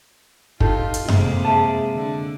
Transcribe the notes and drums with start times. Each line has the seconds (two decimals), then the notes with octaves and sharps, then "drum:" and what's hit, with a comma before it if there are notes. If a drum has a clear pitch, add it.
0.60 D#4 F4 G4 A4, drum: kick
0.94 drum: hi-hat
1.08 C3 G#3 A#3, drum: tom F#2
1.45 G#4 E5 A5
1.96 D3